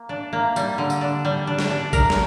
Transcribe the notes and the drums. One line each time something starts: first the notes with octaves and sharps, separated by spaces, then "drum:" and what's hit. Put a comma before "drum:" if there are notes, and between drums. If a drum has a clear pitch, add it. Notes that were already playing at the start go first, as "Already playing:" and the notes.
Already playing: A#3
D4
A#3
G3, drum: tambourine
D3
drum: tambourine
D4
G3
D4
drum: snare
D4
A#4, drum: kick A1, tambourine
drum: snare